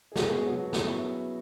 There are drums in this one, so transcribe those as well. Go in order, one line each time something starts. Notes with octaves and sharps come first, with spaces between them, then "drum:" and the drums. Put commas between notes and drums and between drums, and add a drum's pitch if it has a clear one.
G#4
C#3 G#3 B3 F#4, drum: snare
G#4
B2 F#3 B3
F#4
C#3 F#3 B3 F#4, drum: snare
E4